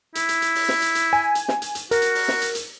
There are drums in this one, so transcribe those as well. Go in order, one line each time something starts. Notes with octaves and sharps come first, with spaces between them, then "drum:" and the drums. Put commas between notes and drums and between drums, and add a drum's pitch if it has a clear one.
E4, drum: hi-hat
drum: hi-hat
drum: hi-hat
drum: open hi-hat
drum: snare
drum: hi-hat
drum: hi-hat
G#5
drum: hi-hat
drum: snare
drum: hi-hat
drum: hi-hat
F#4 A#4, drum: hi-hat
drum: hi-hat
drum: open hi-hat
drum: snare
drum: hi-hat
drum: hi-hat